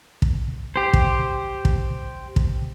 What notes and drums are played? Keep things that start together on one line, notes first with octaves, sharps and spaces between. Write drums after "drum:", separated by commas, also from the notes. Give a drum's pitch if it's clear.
drum: kick
G4 C5
drum: kick
drum: kick
drum: kick